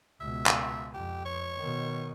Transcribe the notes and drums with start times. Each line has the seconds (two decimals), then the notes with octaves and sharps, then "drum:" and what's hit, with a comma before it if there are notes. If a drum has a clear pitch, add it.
0.20 C#2 B2 E5
0.46 drum: clap
0.94 F2 G4
1.25 C#5
1.58 B2 D#3